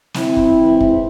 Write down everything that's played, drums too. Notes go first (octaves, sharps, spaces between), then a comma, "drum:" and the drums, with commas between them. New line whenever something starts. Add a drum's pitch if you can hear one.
C4 E4, drum: snare
drum: kick
G#2 E3
drum: kick